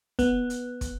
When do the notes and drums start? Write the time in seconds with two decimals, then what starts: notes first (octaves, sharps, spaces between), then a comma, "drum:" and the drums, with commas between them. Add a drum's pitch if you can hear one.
0.19 B3, drum: kick, hi-hat
0.50 drum: hi-hat
0.81 drum: kick, hi-hat